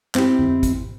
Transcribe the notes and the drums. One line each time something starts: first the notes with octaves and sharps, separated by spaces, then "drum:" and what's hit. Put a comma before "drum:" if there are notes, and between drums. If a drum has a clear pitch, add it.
C4 D#4 E4 G4, drum: clap
drum: tom F2
drum: kick G#1, hi-hat